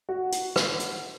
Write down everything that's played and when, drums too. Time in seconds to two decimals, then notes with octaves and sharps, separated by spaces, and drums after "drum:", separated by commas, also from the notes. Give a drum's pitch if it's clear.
0.09 F#4
0.32 drum: hi-hat
0.56 drum: rim click
0.79 drum: hi-hat